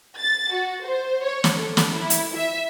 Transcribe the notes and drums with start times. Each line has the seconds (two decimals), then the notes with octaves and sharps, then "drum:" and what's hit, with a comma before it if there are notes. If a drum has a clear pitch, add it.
0.19 A6
0.53 F#4
0.84 C5
1.22 C#5
1.44 drum: snare
1.56 A4
1.77 drum: snare
1.93 E4
2.10 drum: hi-hat
2.35 E5